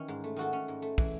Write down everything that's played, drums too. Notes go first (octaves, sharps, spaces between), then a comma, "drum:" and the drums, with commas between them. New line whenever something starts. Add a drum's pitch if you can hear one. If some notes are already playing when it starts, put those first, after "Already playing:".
Already playing: D#3 E3 C#4
G#2
A3
D#3 F#4 A4
C#4
G#2
A3
E3, drum: kick, open hi-hat